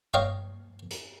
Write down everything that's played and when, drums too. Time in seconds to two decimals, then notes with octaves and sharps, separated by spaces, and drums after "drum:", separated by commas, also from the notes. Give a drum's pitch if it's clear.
0.14 C#5 D#5 F5 G5 C#6, drum: tom G2
0.91 drum: hi-hat